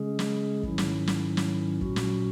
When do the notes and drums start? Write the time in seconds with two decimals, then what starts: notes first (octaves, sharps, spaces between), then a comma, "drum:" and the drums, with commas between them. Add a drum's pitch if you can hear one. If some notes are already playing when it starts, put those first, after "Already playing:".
Already playing: C#3 G#3 C#4 G#4
0.19 drum: snare
0.63 G#2 D#3 F#3 C#4 E4, drum: kick
0.78 drum: snare
1.07 drum: snare
1.37 drum: snare
1.81 A#2 F#3 C#4 F#4, drum: kick
1.96 drum: snare